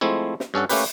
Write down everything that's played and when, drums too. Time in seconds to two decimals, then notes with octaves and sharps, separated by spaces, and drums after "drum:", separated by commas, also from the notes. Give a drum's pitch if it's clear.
0.01 F3 G#3 A3 C4 E4
0.40 drum: snare
0.54 G2 C#4 A4 F#5
0.69 A3 A#3 C#4 G4 B4, drum: open hi-hat